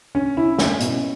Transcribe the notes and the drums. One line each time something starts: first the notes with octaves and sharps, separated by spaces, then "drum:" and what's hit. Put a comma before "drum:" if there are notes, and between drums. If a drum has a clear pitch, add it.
C#4
E4
C#4, drum: snare
B2, drum: hi-hat